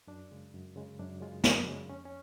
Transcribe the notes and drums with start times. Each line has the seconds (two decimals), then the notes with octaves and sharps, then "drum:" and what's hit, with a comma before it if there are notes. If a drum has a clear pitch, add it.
0.07 F#2 D4
0.31 C#3 G#3
0.54 F#2
0.76 C#3 G#3
0.99 F#2 D4
1.21 C#3 G#3 F4
1.44 F#2 D4, drum: snare
1.67 C#3 G#3
1.89 F2 C#4
2.06 C#4